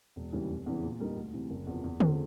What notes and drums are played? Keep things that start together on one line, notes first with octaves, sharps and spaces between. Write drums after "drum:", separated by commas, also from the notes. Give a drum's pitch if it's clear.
E1
D#2 C#3 E3 G3
F1
E2 C#3 E3
A#2
G3 A#3 D#4
D2
C3 E3
F#1
E2 C3 F3
E2
C#3 F3 A3 C4, drum: tom D3